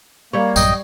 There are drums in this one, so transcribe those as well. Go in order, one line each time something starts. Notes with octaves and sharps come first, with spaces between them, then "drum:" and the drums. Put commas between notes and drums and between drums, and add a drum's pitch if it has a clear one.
G3 A#3 C#5
A1 F#2 D#5 G5, drum: tambourine